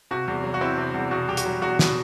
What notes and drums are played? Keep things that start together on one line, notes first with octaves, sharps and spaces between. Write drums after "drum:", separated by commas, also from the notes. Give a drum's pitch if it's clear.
C3 F#4
E2
F#3
F#4
C4 E4
C3
E2
B2 F#4
E2 G4
F#4, drum: hi-hat
F#3
E2 F#4
B2, drum: snare